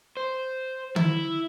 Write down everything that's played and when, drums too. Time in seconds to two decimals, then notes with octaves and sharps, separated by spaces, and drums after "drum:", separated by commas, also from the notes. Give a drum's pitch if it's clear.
0.17 C5
0.96 E4, drum: tom D3